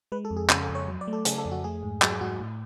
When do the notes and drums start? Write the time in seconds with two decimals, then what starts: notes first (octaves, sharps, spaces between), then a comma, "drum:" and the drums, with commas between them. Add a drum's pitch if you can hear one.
0.12 G#3 B4
0.25 A4
0.31 F2
0.37 G#4
0.49 C#3 G#4, drum: clap
0.63 A4
0.69 F2
0.75 C#5
0.87 F#3
1.01 D5
1.08 A3
1.13 A4
1.25 C#3 G#4, drum: hi-hat
1.38 A4
1.45 F2
1.51 F#4
1.64 A3 G#4
1.83 G#2
2.02 F#3 G#4, drum: clap
2.12 G#4
2.21 G#2 F#4
2.40 A2